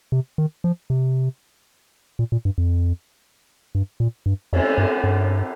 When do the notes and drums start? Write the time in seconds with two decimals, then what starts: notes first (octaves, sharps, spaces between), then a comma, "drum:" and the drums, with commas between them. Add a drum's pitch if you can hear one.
0.12 C3
0.38 D#3
0.64 F3
0.90 C3
2.19 A#2
2.32 A#2
2.45 G2
2.58 F2
3.75 G2
4.00 A#2
4.26 G2
4.53 F2, drum: cymbal
4.78 G2
5.04 G2